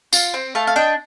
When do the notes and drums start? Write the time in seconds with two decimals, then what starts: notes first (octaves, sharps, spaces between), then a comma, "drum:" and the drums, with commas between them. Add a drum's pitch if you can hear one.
0.13 F4, drum: tambourine
0.34 C4
0.55 A3 F5 A5
0.67 F5
0.76 D4 D#5 G5